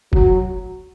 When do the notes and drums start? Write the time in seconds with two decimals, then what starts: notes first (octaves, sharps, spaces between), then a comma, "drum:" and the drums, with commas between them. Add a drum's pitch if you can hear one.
0.13 F#3, drum: kick